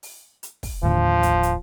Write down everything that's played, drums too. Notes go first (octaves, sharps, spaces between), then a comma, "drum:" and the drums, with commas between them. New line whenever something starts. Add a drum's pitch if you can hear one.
drum: open hi-hat
drum: hi-hat
drum: kick, open hi-hat
D#2 A2 D3 F3
drum: kick, hi-hat
drum: hi-hat